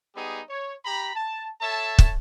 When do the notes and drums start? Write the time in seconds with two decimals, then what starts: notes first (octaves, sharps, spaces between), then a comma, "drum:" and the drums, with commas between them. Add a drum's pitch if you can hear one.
0.16 G3 B3 D#4 G4 G#4
0.49 C#5
0.85 G4 A#5 B5
1.15 A5
1.61 A4 C#5 E5 A5
1.99 drum: kick